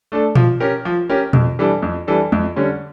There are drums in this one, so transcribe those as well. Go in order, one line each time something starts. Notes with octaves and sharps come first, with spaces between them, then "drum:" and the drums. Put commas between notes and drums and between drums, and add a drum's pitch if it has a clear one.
A3 D4 A4
F3, drum: tom A#2
C#4 G4 A#4
F3
C#4 G4 A#4
F2, drum: tom A#2
E3 G3 D4 A4
F2
E3 G3 D4 A4
F2, drum: tom G#3
D3 G3 C#4